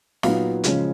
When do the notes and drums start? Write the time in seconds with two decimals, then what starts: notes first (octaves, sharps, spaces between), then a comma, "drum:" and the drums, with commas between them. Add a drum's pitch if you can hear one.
0.23 A#2 F#3 B3 D#4 F5, drum: snare
0.64 C#3 F3 G#3 C#4, drum: hi-hat